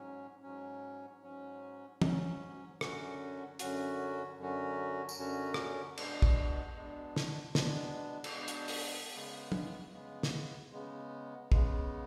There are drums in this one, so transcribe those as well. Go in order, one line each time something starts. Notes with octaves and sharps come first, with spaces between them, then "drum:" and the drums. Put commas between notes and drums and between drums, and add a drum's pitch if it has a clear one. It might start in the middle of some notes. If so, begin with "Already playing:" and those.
Already playing: G#2 F#3 C#4
G#2 F#3 C#4
G#2 F#3 C#4
G#2 F#3 C#4, drum: tom E3
F#2 D3 F#3 C#4 F#4, drum: rim click
F#2 D3 F#3 C#4 F#4, drum: hi-hat
F#2 D3 F#3 C#4 F#4
drum: tambourine
F#2 D3 F#3 C#4 F#4
drum: rim click
B2 G#3 B3 D4, drum: cymbal
drum: kick
B2 G#3 B3 D4
drum: snare
B2 G#3 B3 D4, drum: snare
drum: cymbal
B2 G#3 B3 D4
drum: hi-hat
drum: open hi-hat
C#3 G#3 B3
drum: tom
C#3 G#3 B3
drum: snare
C#3 G#3 B3
C#3 G#3 B3, drum: kick